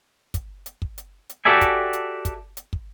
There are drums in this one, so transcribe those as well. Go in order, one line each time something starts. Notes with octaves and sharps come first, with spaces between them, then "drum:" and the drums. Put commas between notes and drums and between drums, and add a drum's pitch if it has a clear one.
drum: kick, hi-hat
drum: hi-hat
drum: kick
drum: hi-hat
drum: hi-hat
F#4 G4 A4 D5 E5 G#5
drum: kick, hi-hat
drum: hi-hat
drum: kick, hi-hat
drum: hi-hat
drum: kick